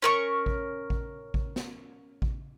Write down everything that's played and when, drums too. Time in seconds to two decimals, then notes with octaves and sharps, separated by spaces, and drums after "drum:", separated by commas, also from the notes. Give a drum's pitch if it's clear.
0.02 C#4 A#4 C#6
0.46 drum: kick A1
0.90 drum: kick A1
1.34 drum: kick A1
1.56 drum: snare
2.22 drum: kick A1